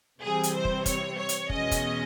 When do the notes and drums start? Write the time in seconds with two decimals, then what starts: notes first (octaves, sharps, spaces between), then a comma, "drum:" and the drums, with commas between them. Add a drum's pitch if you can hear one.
0.22 C3 E3 G3 C4 G#4
0.43 drum: hi-hat
0.55 C5
0.65 drum: kick
0.86 C#5, drum: kick, hi-hat
1.18 C#5
1.29 drum: hi-hat
1.50 E2 B2 G#3 C#4 D#5, drum: kick
1.71 drum: kick, hi-hat